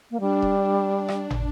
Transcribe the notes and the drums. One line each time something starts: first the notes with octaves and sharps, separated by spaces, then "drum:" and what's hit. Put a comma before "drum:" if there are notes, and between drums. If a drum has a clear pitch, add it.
A#3
G3 D4
drum: kick E1
drum: rim click
drum: tom